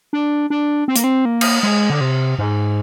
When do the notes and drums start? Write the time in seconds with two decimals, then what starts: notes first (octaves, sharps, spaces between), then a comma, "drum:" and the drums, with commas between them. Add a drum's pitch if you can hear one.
0.13 D4
0.50 D4
0.88 C4
0.96 A#3, drum: hi-hat
1.04 C4
1.25 A#3
1.41 drum: cymbal
1.63 G#3
1.90 D3
2.01 C3
2.39 G#2